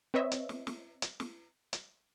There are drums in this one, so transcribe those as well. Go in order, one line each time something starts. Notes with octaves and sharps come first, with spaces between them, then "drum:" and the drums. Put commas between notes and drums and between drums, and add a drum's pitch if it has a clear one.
C4 B4 C#5 D#5 E5
drum: hi-hat
drum: snare
drum: snare
drum: hi-hat
drum: snare
drum: hi-hat